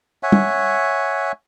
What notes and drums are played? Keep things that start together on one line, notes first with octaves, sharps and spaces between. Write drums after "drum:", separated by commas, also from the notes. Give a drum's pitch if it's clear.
C#5 E5 F#5 G#5
drum: tom